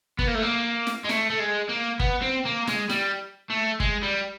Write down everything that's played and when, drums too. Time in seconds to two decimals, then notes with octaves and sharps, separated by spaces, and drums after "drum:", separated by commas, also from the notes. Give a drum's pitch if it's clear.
0.19 B3, drum: kick G1
0.27 A#3
0.34 A3
0.42 A#3
0.87 drum: snare
1.04 G#3
1.09 A3, drum: snare
1.30 A3
1.40 G#3
1.69 A#3
2.00 B3, drum: kick G1
2.22 C4
2.45 A#3
2.67 G#3, drum: snare
2.89 G3, drum: snare
3.50 A3
3.80 G#3, drum: kick G1
4.03 G3